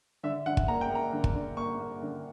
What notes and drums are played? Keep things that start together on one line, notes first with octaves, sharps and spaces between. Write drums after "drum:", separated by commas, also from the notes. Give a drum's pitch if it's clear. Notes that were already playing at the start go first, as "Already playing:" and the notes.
D3 E5
D3 F#5
drum: kick
A#3 A#5
G5
A#3 A#5
D3
drum: kick
D3
A#3 C#6
A#3
D3